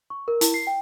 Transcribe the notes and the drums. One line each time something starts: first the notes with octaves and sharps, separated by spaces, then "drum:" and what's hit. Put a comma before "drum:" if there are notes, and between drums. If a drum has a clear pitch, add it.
C#6
A#4
E4, drum: hi-hat
C7
G5